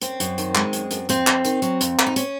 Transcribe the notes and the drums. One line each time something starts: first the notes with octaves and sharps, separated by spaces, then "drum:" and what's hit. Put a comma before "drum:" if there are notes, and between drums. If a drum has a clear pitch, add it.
F#2 C4, drum: hi-hat
F#2, drum: hi-hat
D#3, drum: hi-hat
G#3, drum: clap
F#2, drum: hi-hat
F#2, drum: hi-hat
F2 C4, drum: hi-hat
F2, drum: clap
D#3, drum: hi-hat
F#3, drum: hi-hat
F2, drum: hi-hat
F2, drum: clap
D#4
C#4, drum: hi-hat